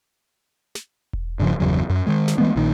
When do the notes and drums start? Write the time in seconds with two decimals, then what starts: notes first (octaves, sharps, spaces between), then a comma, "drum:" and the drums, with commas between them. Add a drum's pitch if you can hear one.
0.75 drum: snare
1.13 drum: kick E1
1.39 G2 C#3 F3
1.60 G1 E2 C#3 F#3
1.90 F#2
2.07 D#3 G#3
2.28 drum: snare
2.38 E3 G#3 A3 B3
2.56 A#1 A#2 D#3